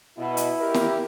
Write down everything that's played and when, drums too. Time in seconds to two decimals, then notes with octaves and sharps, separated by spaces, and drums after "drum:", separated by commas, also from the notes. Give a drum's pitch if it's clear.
0.18 B2 E4
0.37 drum: hi-hat
0.60 G4 A#4
0.74 drum: snare